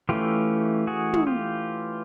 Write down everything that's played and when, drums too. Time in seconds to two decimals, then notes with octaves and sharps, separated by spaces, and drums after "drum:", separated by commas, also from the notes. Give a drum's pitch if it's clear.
0.09 E3 A3 C#4 F4 G4
0.87 F#4 G#4
1.13 drum: tom
1.27 F4 G4